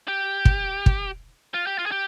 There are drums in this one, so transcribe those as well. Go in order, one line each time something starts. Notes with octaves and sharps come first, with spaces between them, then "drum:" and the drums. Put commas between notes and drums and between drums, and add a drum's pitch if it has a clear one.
G4
drum: kick
drum: kick
F4
G4
F4
G#4
G4